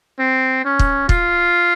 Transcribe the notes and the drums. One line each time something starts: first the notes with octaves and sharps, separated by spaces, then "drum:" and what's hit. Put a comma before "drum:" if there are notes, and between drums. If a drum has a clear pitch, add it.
C4
C#4
drum: kick
F4, drum: kick